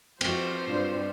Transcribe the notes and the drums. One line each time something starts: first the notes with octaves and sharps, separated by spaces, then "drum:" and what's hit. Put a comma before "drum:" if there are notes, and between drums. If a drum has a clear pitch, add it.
F3 C4 F#4 C5, drum: cymbal
G2 F4